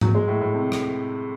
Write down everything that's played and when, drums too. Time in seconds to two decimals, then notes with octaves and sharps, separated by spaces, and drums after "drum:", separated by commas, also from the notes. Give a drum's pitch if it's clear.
0.01 F#3, drum: tom G#2
0.15 G#3
0.28 A2
0.41 A2
0.54 C3
0.72 drum: rim click